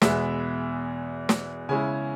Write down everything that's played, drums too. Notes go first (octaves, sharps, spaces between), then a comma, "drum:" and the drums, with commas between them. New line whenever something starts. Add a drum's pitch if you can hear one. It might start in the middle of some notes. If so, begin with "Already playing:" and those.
E2 B2 G#3 B3 E5, drum: snare
drum: snare
C#3 G#3 C#4 E4 G#5